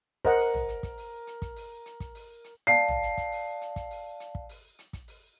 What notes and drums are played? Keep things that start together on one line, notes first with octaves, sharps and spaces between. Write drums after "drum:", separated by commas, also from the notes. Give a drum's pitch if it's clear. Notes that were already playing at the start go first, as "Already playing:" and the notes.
A#4 C5 D#5 F#5, drum: kick
drum: open hi-hat
drum: tom A1
drum: hi-hat
drum: kick, hi-hat
drum: open hi-hat
drum: hi-hat
drum: kick, hi-hat
drum: open hi-hat
drum: hi-hat
drum: kick, hi-hat
drum: open hi-hat
drum: hi-hat
D5 F5 A5 C7
drum: tom A1
drum: hi-hat
drum: kick, hi-hat
drum: open hi-hat
drum: hi-hat
drum: kick, hi-hat
drum: open hi-hat
drum: hi-hat
drum: kick
drum: open hi-hat
drum: hi-hat
drum: kick, hi-hat
drum: open hi-hat